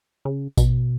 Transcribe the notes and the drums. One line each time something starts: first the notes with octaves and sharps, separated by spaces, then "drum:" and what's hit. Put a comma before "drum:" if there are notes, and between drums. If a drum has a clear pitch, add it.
C#3
B2, drum: kick A1, tambourine